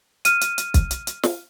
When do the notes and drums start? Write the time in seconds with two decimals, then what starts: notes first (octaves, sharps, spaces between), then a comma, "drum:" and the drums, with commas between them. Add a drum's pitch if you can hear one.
0.25 F6 D#7, drum: hi-hat
0.41 drum: hi-hat
0.58 drum: hi-hat
0.74 drum: kick, hi-hat
0.91 drum: hi-hat
1.07 drum: hi-hat
1.23 drum: snare